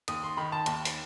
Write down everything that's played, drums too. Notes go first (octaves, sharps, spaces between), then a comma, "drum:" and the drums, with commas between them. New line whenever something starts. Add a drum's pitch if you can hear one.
D#2 D#6, drum: hi-hat
C6
D#3 B5
A5
D#2, drum: hi-hat
drum: open hi-hat